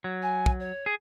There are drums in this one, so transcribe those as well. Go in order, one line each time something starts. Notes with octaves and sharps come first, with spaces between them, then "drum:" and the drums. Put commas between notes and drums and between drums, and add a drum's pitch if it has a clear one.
F#3
G#5
drum: kick
C#5
G#4